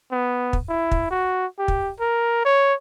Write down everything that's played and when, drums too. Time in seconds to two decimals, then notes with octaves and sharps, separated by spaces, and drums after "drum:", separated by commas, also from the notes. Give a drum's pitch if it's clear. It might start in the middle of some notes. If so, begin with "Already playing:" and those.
0.12 B3
0.53 drum: kick
0.69 E4
0.91 drum: kick
1.11 F#4
1.59 G4
1.68 drum: kick
2.00 A#4
2.45 C#5